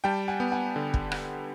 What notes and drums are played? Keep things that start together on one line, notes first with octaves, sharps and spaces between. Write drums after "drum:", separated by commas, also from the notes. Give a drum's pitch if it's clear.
G3 G5 A5
F#5 G#5
B3
F#5 G#5
D3
drum: kick
drum: rim click